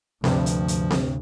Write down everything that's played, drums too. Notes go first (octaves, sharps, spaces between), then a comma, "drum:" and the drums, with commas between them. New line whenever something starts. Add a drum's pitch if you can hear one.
D2 G2 C3 F3, drum: snare C4
drum: hi-hat
drum: hi-hat
drum: snare C4